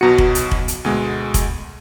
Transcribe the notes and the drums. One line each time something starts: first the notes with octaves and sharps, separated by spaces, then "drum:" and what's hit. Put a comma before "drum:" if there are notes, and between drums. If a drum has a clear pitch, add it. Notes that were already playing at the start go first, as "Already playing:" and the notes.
B1 B2 F#4 A#5 C#7
drum: kick F1
drum: hi-hat
drum: kick F1
drum: hi-hat
D2 B2 G#3
drum: kick F1, hi-hat